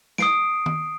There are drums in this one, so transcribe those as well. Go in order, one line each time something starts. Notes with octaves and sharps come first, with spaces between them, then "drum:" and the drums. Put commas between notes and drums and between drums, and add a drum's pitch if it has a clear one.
D#6 C7 D7, drum: snare
drum: tom D#3